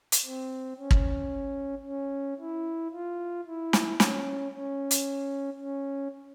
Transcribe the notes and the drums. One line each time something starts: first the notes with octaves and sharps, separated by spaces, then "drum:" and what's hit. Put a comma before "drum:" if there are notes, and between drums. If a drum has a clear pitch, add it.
drum: hi-hat
C4
C#4
drum: kick
C#4
E4
F4
E4
drum: snare
C#4, drum: snare
C#4
drum: hi-hat
C#4